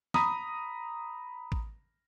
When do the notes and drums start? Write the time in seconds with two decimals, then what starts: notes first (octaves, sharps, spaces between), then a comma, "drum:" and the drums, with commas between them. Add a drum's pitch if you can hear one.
0.14 A#5 B5 D#6, drum: snare
1.52 drum: kick